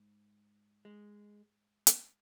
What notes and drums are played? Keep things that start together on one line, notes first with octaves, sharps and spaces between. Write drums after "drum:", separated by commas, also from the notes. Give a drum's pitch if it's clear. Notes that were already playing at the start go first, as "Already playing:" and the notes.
Already playing: G#2
G#3
drum: hi-hat